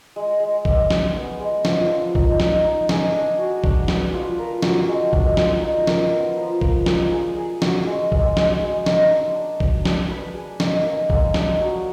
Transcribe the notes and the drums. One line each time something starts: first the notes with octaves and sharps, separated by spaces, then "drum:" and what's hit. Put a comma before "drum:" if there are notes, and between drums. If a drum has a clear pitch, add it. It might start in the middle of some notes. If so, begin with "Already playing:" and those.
G#3
G#3
D5, drum: kick
D5, drum: snare
B3
G#3
F3, drum: snare
D4
D#4, drum: kick
D#4, drum: snare
D#4
G#4, drum: snare
D4
F#4
D4, drum: kick
B4, drum: snare
F4
A#4
F#4, drum: snare
G#3
D4, drum: kick
F4, drum: snare
D#4
A#4, drum: snare
B3
F3
A#4, drum: kick
D5, drum: snare
G#4
G#4
F#4, drum: snare
G#3
G#3, drum: kick
G#3, drum: snare
G#3
D#4, drum: snare
D4
D4
D4, drum: kick
D4, drum: snare
B4
G#4
D#4, drum: snare
A#3
G#3, drum: kick
D4, drum: snare
F#3